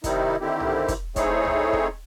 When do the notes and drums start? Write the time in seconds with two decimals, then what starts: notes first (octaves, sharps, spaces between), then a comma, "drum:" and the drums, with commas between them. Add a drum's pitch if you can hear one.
0.04 C3 D#3 G3 D#4 E4, drum: kick, hi-hat
0.41 D3 D#3 C4 E4 G4
0.60 drum: tom B1
0.88 drum: kick, hi-hat
1.16 A3 C4 D#4 E4 G#4 C#5, drum: kick, hi-hat
1.45 drum: tom B1
1.73 drum: kick